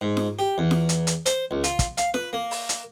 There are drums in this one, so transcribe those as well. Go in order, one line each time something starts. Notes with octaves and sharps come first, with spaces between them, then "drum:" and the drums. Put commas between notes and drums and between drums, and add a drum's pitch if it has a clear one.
G#2
drum: snare F4
G4
E2
drum: snare F4
drum: hi-hat
drum: hi-hat
C5, drum: hi-hat
C#2
F4, drum: hi-hat
drum: kick, hi-hat
F5, drum: hi-hat
B4, drum: snare F4
A#3
drum: open hi-hat
drum: hi-hat